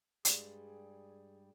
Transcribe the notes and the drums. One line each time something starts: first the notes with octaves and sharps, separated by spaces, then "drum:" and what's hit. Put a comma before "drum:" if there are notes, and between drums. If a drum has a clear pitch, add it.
G2 G3 G#3 G#4, drum: hi-hat